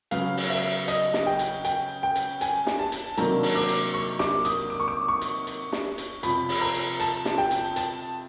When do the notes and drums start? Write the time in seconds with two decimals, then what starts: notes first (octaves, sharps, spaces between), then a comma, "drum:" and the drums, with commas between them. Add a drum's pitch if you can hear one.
0.11 C#3 F#3 B3 F5, drum: hi-hat
0.37 drum: open hi-hat
0.50 E5
0.88 D#5, drum: hi-hat
1.14 drum: snare
1.26 G5
1.39 drum: hi-hat
1.65 G5, drum: hi-hat
2.03 G5
2.16 drum: hi-hat
2.41 G#5, drum: hi-hat
2.67 drum: snare
2.79 A5
2.92 drum: hi-hat
3.17 C3 D#3 F#3 A#3 D4 A#5, drum: hi-hat
3.43 drum: open hi-hat
3.55 D6
3.69 drum: hi-hat
3.94 C#6
4.19 D6, drum: snare
4.45 D#6, drum: hi-hat
4.70 D6
4.80 C#6
4.88 D6
5.08 C#6
5.21 drum: hi-hat
5.47 drum: hi-hat
5.72 drum: snare
5.98 drum: hi-hat
6.23 F2 C3 F3 B5, drum: hi-hat
6.49 drum: open hi-hat
6.61 A#5
6.74 drum: hi-hat
7.00 A5, drum: hi-hat
7.25 drum: snare
7.38 G5
7.51 drum: hi-hat
7.76 A5, drum: hi-hat